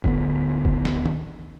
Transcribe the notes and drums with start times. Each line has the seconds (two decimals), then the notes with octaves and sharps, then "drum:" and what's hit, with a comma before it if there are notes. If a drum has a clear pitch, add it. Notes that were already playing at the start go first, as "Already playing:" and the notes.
0.04 D1 D3 B3, drum: kick
0.65 drum: kick
0.85 drum: snare
1.06 drum: tom